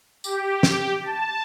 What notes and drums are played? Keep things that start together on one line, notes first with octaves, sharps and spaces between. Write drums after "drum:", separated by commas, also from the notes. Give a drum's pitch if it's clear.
G4, drum: tambourine
drum: snare
A5